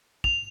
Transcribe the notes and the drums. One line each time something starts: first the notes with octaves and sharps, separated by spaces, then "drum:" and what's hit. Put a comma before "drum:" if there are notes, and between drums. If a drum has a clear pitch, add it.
F7, drum: kick